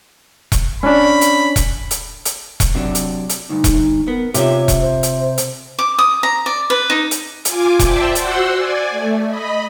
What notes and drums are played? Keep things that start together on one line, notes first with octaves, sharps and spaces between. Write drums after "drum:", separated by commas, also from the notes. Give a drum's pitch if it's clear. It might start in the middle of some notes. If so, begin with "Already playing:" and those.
drum: kick E1, hi-hat
C#4 D4 B5
drum: hi-hat
drum: kick E1, hi-hat
drum: hi-hat
drum: hi-hat
drum: kick E1, hi-hat
C3 F#3 D4
drum: hi-hat
drum: hi-hat
D2 G2 D#4
drum: kick E1, hi-hat
B3 A#4
C3 F4 G4 C#5 E5, drum: hi-hat
drum: kick E1, hi-hat
C5
drum: hi-hat
drum: hi-hat
D6
D#6
A#5
D5
B4
D#4
drum: hi-hat
F4 G#5 D6, drum: hi-hat
C5 D5 E5 G5 A5, drum: kick E1, hi-hat
F#4 C5 F#5 C6 E6, drum: hi-hat
D5 G#5
A3
D#5 B5